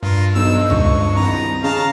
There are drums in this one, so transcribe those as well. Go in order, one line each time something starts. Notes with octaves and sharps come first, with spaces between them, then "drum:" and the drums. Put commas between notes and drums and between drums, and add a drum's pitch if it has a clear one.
G2 F4 A#4
B1 C4 D#4 E6
C#2 C#6, drum: tom C#2
C2 D#3 F3 B3 A#5
C#3 F5 A5 A#5